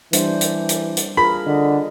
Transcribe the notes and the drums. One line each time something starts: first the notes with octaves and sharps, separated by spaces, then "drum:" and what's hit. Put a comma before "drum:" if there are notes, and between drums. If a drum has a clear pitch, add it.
E3 G3 D4 C5, drum: hi-hat
drum: hi-hat
drum: hi-hat
drum: hi-hat
F4 G#4 A#4 B5
D3 D#5